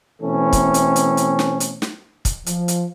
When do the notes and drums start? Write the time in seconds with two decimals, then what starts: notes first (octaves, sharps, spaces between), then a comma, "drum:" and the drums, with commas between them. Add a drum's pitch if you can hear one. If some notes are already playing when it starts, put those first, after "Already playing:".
0.21 B2 E3 A3 C4 C#4 A4
0.53 drum: kick, hi-hat
0.74 drum: hi-hat
0.96 drum: hi-hat
1.17 drum: hi-hat
1.39 drum: snare
1.60 drum: hi-hat
1.82 drum: snare
2.25 drum: kick, hi-hat
2.46 F3, drum: hi-hat
2.68 drum: hi-hat